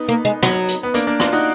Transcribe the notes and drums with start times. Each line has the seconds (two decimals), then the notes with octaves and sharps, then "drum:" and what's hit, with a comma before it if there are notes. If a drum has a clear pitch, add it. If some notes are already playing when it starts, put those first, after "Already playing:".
Already playing: B3 D#4
0.09 A#3
0.25 G#3
0.43 F#3, drum: rim click
0.68 drum: hi-hat
0.83 B3
0.94 A#3 D4, drum: hi-hat
1.07 A#3 D4
1.20 D4 F4, drum: rim click
1.33 D#4 F#4